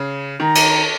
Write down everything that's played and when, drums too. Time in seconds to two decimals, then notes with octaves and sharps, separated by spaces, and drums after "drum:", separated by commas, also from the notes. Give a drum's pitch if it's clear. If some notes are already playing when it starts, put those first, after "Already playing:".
Already playing: C#3
0.40 D#3 A#5
0.55 drum: cymbal